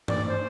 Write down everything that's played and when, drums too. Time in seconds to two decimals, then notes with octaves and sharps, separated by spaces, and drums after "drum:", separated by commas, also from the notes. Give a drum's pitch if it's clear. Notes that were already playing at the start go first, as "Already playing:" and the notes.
0.08 D5, drum: tom
0.28 C5